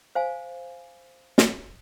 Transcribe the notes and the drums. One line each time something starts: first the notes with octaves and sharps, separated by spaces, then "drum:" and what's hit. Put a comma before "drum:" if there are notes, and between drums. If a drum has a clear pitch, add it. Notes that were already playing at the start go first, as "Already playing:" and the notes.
C5 F5 G#5
drum: snare